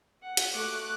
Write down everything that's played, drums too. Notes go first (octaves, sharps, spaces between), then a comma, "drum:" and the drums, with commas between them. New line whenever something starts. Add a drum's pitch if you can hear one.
F#5
drum: hi-hat
A3 F#4 D6 F#6